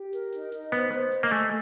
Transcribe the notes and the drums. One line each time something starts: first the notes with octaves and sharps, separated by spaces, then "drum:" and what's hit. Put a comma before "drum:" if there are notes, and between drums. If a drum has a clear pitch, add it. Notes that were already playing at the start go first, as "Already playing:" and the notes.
Already playing: G4
A#4, drum: hi-hat
D#4, drum: hi-hat
D#4, drum: hi-hat
B3 C5, drum: hi-hat
C5, drum: hi-hat
D#5, drum: hi-hat
A#3
A3 G#5, drum: hi-hat